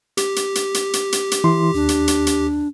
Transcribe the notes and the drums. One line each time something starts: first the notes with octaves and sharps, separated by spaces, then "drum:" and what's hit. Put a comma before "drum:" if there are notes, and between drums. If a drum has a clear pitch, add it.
G4, drum: hi-hat
drum: hi-hat
drum: hi-hat
drum: hi-hat
drum: hi-hat
drum: hi-hat
drum: hi-hat
E3 E4 C6
D#2 D4
drum: hi-hat
drum: hi-hat
drum: hi-hat